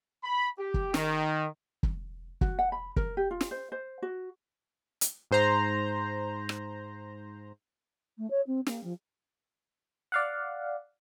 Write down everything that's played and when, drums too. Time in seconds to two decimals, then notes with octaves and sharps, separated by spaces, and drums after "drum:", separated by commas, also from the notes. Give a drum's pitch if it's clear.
0.23 B5
0.58 G4
0.74 drum: kick
0.94 D#3, drum: snare
1.83 drum: kick
2.41 F#4, drum: kick
2.59 F#5
2.72 B5
2.96 A#4, drum: kick
3.17 G4
3.31 F4
3.41 drum: snare
3.51 C5
3.72 C5
4.02 F#4
5.01 drum: hi-hat
5.31 G#2 C5 A#5
6.49 drum: rim click
8.18 A3
8.30 C#5
8.47 C4
8.66 A#3, drum: snare
8.83 F3
10.12 D5 F5 F#5